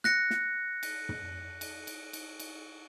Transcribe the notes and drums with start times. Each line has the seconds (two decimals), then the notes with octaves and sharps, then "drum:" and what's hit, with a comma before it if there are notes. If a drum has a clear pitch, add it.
0.04 F#6 A#6 C#7, drum: snare
0.30 drum: snare
0.83 drum: cymbal
1.09 drum: tom
1.61 drum: cymbal
1.87 drum: cymbal
2.13 drum: cymbal
2.40 drum: cymbal